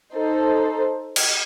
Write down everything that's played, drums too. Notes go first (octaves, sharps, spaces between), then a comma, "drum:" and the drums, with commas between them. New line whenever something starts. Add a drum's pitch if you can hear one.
D#4 A4 C5
drum: cymbal